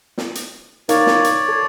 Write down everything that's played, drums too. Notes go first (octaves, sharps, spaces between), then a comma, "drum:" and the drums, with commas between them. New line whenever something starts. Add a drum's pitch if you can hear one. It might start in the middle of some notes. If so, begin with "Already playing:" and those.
drum: snare
drum: hi-hat
D#4 A#4 C#5 D5 F5, drum: hi-hat
drum: snare
drum: hi-hat
A4 G#6